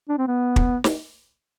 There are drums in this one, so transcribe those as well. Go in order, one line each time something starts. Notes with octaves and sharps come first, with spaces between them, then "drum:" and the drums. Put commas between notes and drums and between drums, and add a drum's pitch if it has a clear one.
D4
C4
B3
drum: kick
drum: snare